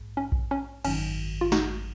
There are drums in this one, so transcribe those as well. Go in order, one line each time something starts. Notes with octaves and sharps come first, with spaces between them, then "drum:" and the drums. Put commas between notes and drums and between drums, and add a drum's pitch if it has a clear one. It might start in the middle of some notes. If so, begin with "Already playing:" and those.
Already playing: A#1 G#2
C#4
drum: kick A#1
C#4
G#1 F#2 D#3 F#3 C#4, drum: cymbal
F4
D#4 F#4, drum: snare